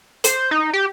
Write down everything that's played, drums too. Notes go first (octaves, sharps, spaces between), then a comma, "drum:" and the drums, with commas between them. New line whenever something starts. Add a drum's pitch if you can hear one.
C5, drum: hi-hat
D#4
G4